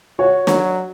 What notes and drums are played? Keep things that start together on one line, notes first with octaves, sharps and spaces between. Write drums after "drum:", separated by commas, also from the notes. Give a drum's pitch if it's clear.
F#4 C#5
F#3, drum: snare